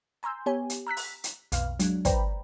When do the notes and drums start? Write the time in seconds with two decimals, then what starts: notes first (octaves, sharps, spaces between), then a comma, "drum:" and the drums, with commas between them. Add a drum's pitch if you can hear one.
0.23 G#5 A#5 C6 E6 G6
0.46 B3 G4 C#5 G#5
0.70 drum: hi-hat
0.87 A#5 E6 F#6 B6
0.97 drum: open hi-hat
1.24 drum: hi-hat
1.52 B1 F2 B2 F5 F6, drum: hi-hat
1.80 F#3 G#3 D4, drum: hi-hat
2.05 B4 C5 D5 G5 A#5 B5, drum: kick, hi-hat